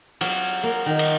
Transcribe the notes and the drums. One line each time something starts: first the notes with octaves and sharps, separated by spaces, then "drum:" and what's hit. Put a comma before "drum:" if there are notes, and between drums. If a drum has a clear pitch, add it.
F#3, drum: cymbal
A#3
D#3
drum: cymbal